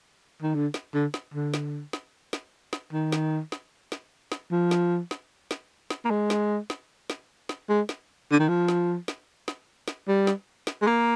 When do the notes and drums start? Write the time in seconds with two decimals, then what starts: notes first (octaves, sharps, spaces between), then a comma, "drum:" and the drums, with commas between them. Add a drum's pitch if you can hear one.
0.43 D#3
0.55 D3
0.74 drum: snare
0.94 D3
1.14 drum: snare
1.34 D3
1.54 drum: snare
1.93 drum: snare
2.33 drum: snare
2.73 drum: snare
2.93 D#3
3.12 drum: snare
3.52 drum: snare
3.92 drum: snare
4.32 drum: snare
4.52 F3
4.71 drum: snare
5.11 drum: snare
5.51 drum: snare
5.90 drum: snare
6.05 A#3
6.10 G#3
6.30 drum: snare
6.70 drum: snare
7.10 drum: snare
7.49 drum: snare
7.69 G#3
7.89 drum: snare
8.32 D3
8.40 D#3
8.49 F3
8.68 drum: snare
9.08 drum: snare
9.48 drum: snare
9.88 drum: snare
10.08 G3
10.27 drum: snare
10.67 drum: snare
10.82 G#3
10.87 A#3